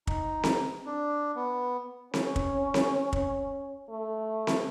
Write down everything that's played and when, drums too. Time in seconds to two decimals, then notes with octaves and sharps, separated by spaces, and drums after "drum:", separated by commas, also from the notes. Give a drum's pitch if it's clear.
0.07 D#4, drum: kick
0.43 drum: snare C4
0.86 D4
1.36 B3
2.14 C#4, drum: snare C4
2.36 drum: kick
2.74 drum: snare C4
3.13 drum: kick
3.89 A3
4.47 drum: snare C4